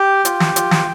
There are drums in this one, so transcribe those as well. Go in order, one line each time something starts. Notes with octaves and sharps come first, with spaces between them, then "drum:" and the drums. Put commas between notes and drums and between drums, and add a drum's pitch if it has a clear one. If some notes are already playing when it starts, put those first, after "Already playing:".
Already playing: G4 G5
F4, drum: hi-hat
drum: snare
F4, drum: hi-hat
drum: snare